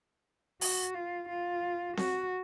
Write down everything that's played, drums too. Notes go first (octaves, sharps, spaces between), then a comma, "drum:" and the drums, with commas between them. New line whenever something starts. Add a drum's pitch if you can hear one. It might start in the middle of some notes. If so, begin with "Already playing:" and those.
F#4, drum: open hi-hat
F4
F4
F#4, drum: snare C4